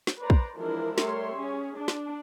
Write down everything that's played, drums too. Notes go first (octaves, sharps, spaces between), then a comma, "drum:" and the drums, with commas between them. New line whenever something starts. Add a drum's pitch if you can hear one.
drum: snare
B4 C5 D5 A#5
drum: kick
E3 F3 G#3 D4 E4 A#4
G3 A3 A#4 C#5 E5 C6, drum: snare
C#4 G#4
D4
drum: snare